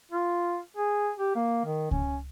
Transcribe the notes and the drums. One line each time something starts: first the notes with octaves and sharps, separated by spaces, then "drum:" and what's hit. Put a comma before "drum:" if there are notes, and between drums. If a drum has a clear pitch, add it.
F4
G#4
G4
A#3
D#3
C#4, drum: kick C#2